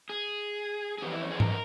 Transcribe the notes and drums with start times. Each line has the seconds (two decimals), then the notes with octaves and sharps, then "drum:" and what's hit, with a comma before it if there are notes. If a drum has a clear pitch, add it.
0.09 G#4
0.98 G#4
1.02 F2 E3 G4
1.12 E4
1.21 C#4
1.31 G#4
1.36 C5
1.40 A#4, drum: tom G#2